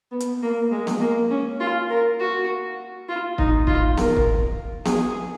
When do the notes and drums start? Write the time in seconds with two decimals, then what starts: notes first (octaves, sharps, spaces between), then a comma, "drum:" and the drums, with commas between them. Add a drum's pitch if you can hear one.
0.11 B3
0.20 drum: hi-hat
0.42 A#3
0.71 G#3
0.87 drum: snare B3
1.01 A#3
1.30 C#4
1.60 F4
1.90 A#4
2.20 F#4
3.08 F4
3.38 D#4, drum: kick
3.67 F4, drum: kick
3.97 A#4, drum: snare B3
4.17 drum: kick
4.85 G#4, drum: snare B3